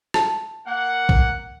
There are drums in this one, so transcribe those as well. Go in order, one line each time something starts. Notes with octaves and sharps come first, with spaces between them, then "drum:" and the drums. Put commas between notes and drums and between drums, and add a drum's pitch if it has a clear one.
A5, drum: rim click
A#3 F#5
drum: kick A#1